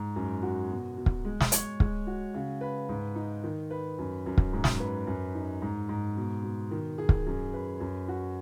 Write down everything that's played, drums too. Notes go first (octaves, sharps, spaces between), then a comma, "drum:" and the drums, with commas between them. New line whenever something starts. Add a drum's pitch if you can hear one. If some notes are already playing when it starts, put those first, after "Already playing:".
Already playing: G#2
F#2
F#4
B2
B2
drum: kick
G#3
drum: snare
C#5, drum: hi-hat
G#3, drum: kick
F#4
C#3
B4
G#2
D#4
D#3
B4
F#2
F#2
drum: kick
G#2
drum: snare
B4
F#2
D#4
G#2
G#2
B2
B2
D#3
G#4
drum: kick
F#2
B4
F#2
F#4